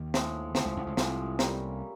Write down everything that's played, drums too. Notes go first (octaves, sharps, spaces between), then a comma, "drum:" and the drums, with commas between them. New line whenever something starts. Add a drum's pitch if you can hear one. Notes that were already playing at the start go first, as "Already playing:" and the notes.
Already playing: D#2 D#3
A2 F3 G#3, drum: snare
D2 A2 D3 F3 G#3, drum: snare
C#2 C#3
C2 C3
C#2 C#3
C2 A2 C3 F3 G#3, drum: snare
G3 A#3 C#4, drum: snare